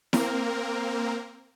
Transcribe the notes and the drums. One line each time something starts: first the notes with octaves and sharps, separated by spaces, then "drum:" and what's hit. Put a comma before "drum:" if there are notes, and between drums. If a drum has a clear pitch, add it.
A#3 C4 A#4, drum: snare E4